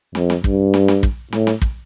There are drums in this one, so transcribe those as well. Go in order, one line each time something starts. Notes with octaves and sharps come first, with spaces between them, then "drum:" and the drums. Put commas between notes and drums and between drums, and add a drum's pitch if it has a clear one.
F2, drum: snare
drum: snare
G2, drum: kick
drum: snare
drum: snare
drum: kick
A2, drum: snare
drum: snare
drum: kick